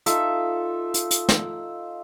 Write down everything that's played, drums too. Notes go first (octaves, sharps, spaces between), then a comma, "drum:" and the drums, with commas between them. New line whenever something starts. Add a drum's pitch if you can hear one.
D#4 F4 A4 E5, drum: hi-hat
drum: hi-hat
drum: hi-hat
drum: snare